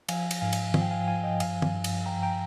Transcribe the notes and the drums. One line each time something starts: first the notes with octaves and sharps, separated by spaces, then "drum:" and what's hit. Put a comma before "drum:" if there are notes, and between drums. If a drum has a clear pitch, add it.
F3 F5 G#5, drum: cymbal
drum: cymbal
G#2 F5 G#5
drum: cymbal
F3, drum: tom
G5
F5 G#5
F3 F5 G#5
D#5 G5
G2 F5 G#5, drum: cymbal
drum: tom
G2
drum: cymbal
F3 G5 A#5
G5 A#5